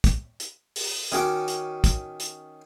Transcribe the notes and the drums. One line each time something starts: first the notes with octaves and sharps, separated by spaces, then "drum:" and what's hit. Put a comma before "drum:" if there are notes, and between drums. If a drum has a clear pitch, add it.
drum: kick, hi-hat
drum: hi-hat
drum: open hi-hat
D#3 C#4 F#4 D6, drum: hi-hat
drum: hi-hat
drum: kick, hi-hat
drum: hi-hat